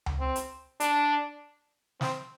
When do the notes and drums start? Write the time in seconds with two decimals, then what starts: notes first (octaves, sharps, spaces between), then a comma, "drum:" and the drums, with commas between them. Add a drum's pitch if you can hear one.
0.06 drum: tom C#2
0.20 C4
0.36 drum: hi-hat
0.80 D4, drum: hi-hat
2.01 C4, drum: snare